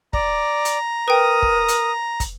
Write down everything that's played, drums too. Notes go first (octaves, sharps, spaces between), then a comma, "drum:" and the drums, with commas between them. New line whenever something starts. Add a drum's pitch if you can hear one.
D5 A#5, drum: kick
drum: hi-hat
A#4 B4 G5 D#6
drum: kick
drum: hi-hat
drum: kick, hi-hat